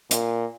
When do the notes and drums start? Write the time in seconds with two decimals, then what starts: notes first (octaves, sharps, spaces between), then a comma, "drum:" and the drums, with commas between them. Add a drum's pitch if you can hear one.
0.11 A#2, drum: hi-hat